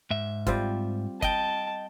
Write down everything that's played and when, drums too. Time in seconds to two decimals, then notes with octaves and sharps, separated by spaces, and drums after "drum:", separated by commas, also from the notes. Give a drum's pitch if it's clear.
0.10 G#2 E5
0.47 G3 C4 F4, drum: kick, hi-hat
1.22 D#5 G5 A5, drum: kick, hi-hat